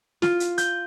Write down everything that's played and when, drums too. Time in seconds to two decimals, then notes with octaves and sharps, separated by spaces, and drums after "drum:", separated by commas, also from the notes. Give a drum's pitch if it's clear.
0.22 F4, drum: snare
0.40 drum: hi-hat
0.58 G6, drum: hi-hat